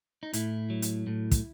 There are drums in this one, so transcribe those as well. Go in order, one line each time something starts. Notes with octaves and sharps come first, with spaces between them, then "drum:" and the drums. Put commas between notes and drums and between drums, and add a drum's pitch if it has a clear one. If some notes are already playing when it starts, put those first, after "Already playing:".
D#4
A2 E4, drum: hi-hat
F#3
drum: hi-hat
A2
drum: kick, hi-hat